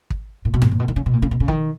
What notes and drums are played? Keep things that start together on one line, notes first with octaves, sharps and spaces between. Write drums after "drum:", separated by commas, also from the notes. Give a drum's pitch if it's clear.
drum: kick
A#2
B2
F#2, drum: tom G2
A#2
B2
D#3
C#3
B2
A#2
C#3
B2
C#3
D#3, drum: kick